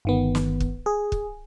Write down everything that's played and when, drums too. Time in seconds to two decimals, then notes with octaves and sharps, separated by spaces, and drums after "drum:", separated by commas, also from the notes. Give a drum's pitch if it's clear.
0.05 G1 D#3 B3
0.35 drum: snare
0.60 drum: kick
0.86 G#4
1.12 drum: kick